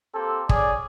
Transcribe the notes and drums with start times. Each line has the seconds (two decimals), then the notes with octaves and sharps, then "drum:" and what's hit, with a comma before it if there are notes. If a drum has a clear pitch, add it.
0.15 A#3 C4 G4 A4
0.49 C#4 G#4 D5, drum: kick